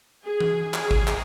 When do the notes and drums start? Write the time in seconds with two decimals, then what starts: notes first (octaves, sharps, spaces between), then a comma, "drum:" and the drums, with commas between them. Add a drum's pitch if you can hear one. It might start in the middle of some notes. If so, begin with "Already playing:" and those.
0.24 G#4
0.40 drum: tom E3
0.74 G#4, drum: clap
0.91 drum: kick G#1
1.07 drum: clap